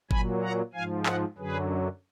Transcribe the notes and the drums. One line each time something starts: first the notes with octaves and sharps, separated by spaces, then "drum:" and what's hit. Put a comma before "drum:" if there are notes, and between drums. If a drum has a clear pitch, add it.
A#2 F#3 G#5 B5, drum: kick G1
F#5 A#5
G#2 F3 F5 G#5
D#5 F#5, drum: clap
F#2 D3 F#3 G#4 B4